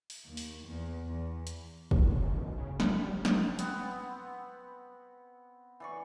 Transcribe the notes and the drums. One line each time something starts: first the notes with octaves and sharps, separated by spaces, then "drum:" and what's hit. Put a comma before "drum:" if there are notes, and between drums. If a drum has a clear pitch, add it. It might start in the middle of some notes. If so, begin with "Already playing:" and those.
drum: open hi-hat
D#2
drum: open hi-hat
E2
E2
drum: hi-hat
C#2, drum: kick
F#2
B1
C#3
D1, drum: snare
G3
G1
drum: snare
B3 C4 F#5, drum: hi-hat
E3 D5 C#6